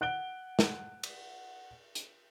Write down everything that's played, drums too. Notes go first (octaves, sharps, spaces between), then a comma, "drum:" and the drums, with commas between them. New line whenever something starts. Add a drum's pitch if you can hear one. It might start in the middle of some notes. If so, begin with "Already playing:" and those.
F#5 F#6 D7 G7
drum: snare
drum: cymbal
drum: hi-hat